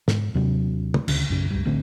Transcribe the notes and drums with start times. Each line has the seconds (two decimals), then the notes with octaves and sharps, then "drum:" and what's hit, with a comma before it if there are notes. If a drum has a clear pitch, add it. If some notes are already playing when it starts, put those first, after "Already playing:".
0.08 G#2, drum: snare
0.35 D#2 C3 F#3 D4
0.94 drum: tom
1.08 D2 C#3, drum: cymbal
1.29 B1 F#2 C#3
1.51 C#2 G2
1.65 A1 D3 A3 C4